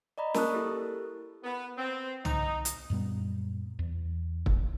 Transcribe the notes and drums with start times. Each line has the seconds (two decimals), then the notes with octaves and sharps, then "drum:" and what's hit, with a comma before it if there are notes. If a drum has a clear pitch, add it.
0.18 D5 D#5 A#5 B5
0.34 A#3 A#4 A5 C#6 D#6 F#6, drum: snare
0.52 E4 G4 A4 A#4
1.44 B3
1.78 C4
2.25 D#4, drum: tom
2.65 drum: hi-hat
2.90 F#2 A#2 G3 B3
3.79 E2
4.46 drum: kick